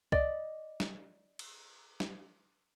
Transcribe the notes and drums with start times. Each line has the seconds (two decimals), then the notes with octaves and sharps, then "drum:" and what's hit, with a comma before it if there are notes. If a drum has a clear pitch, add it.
0.12 D5 D#5, drum: kick C2
0.80 drum: snare
1.39 drum: cymbal
2.00 drum: snare